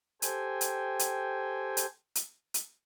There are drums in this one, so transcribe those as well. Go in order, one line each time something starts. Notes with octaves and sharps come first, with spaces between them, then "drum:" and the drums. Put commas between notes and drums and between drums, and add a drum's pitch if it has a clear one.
G4 A4 C5 G5 G#5, drum: hi-hat
drum: hi-hat
drum: hi-hat
drum: hi-hat
drum: hi-hat
drum: hi-hat